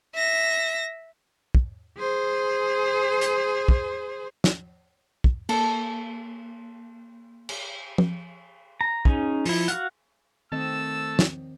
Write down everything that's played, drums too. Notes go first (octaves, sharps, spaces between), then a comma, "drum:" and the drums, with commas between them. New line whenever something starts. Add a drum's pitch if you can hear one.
E5 A#6
drum: kick
G#4 C5
drum: hi-hat
drum: kick
drum: snare
drum: kick
A#3 A4, drum: cymbal
drum: cymbal
drum: tom F3
A#5
C#4 D#4 G#4, drum: kick
F3 E4, drum: open hi-hat
F#4 F5 F#5, drum: hi-hat
D#3 A3 C4 D#5 A5 E6
drum: snare